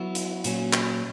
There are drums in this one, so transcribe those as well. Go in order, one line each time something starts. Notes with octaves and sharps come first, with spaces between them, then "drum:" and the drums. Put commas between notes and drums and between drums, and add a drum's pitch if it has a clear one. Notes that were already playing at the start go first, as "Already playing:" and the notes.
Already playing: F#3 B3 E4
drum: hi-hat
A#2 F#3 C#4, drum: hi-hat
drum: clap